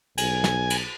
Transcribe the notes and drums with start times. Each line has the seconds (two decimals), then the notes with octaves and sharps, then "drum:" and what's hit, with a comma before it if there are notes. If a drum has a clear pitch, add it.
0.18 B1 G#5, drum: cymbal
0.44 drum: snare
0.70 drum: cymbal